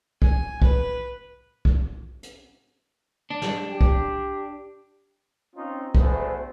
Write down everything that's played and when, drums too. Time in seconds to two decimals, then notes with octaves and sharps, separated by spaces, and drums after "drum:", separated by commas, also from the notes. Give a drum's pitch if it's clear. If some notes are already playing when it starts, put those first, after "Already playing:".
0.22 G#5, drum: kick
0.62 B4, drum: kick
1.65 drum: kick
2.23 drum: hi-hat
3.30 D4
3.42 drum: snare
3.69 G4
3.81 drum: kick
5.55 C4 C#4 D#4 F4
5.95 D2 B2 B3 G#4 C5, drum: kick